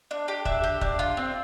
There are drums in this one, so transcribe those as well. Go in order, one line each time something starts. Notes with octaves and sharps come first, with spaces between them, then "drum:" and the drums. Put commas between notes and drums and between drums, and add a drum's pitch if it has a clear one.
D4
G4
D4 E5, drum: kick
G4
D4, drum: kick
F4
C4